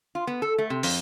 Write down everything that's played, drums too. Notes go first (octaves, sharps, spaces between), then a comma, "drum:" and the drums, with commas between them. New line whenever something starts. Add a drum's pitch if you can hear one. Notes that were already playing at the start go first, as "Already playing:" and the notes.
F4
B3
A4
A3
C3
F2, drum: open hi-hat